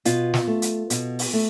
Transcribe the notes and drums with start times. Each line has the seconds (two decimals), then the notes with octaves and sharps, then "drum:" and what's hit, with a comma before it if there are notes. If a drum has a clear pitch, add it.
0.05 B2 F4, drum: hi-hat
0.34 drum: snare
0.47 A3
0.62 drum: hi-hat
0.90 B2, drum: hi-hat
1.19 drum: open hi-hat
1.33 A3